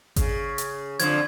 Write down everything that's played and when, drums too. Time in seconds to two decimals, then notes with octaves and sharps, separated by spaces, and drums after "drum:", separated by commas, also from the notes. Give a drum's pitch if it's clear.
0.16 C#3, drum: kick G#1, hi-hat
0.58 drum: hi-hat
1.00 F2 D3 F3 G#6, drum: hi-hat